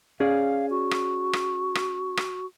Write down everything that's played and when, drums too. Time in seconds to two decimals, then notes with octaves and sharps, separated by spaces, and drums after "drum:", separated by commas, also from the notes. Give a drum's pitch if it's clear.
0.20 C#4 G#4 D5 F5
0.70 F#4
0.91 drum: rim click
1.33 drum: rim click
1.75 drum: rim click
2.17 drum: rim click